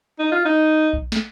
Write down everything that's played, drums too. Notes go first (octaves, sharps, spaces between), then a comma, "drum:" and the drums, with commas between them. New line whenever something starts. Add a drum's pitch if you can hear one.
D#4
F4
D#4
drum: kick A#1
drum: snare